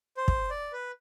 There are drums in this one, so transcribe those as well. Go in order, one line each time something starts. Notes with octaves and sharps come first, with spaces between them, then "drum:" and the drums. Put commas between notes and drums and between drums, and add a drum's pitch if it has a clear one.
C5
drum: kick
D5
B4